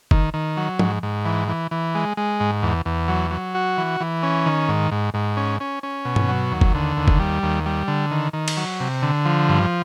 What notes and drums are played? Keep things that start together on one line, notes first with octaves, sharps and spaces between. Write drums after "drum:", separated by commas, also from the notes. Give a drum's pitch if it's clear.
D#3, drum: kick
D#3
F#3
G#2, drum: tom F3
G#2
E3
E3
E3
G#3
G#3
G#2
E2
E2
F#3
F#3
F#4
E3
E3
C#4
D#3
G#2
G#2
G#2
C#4
C#4
C#4
B2
drum: tom G2
F#3
D#2
drum: kick
D3
D#2
drum: kick
G3
D#2
G3
D3
D#3
D#3
drum: cymbal
F#3
C3
D3
F3
G2